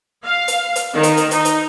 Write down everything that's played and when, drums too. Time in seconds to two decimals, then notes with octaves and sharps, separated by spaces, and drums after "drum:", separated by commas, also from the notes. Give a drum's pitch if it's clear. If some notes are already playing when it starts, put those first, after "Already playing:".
0.24 F5
0.48 drum: hi-hat
0.76 drum: hi-hat
0.94 D#3
1.03 drum: hi-hat
1.17 drum: hi-hat
1.31 D#4, drum: hi-hat
1.45 drum: hi-hat